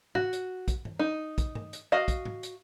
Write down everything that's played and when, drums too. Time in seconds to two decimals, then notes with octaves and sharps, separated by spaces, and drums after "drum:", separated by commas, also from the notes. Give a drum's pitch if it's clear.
0.15 F#4, drum: tom G#2
0.33 drum: hi-hat
0.68 drum: kick, hi-hat
0.85 drum: tom G2
0.99 D#4
1.38 drum: kick, hi-hat
1.55 drum: tom G2
1.73 drum: hi-hat
1.92 F#4 D#5 F5
2.08 drum: kick, hi-hat
2.25 drum: tom G#2
2.43 drum: hi-hat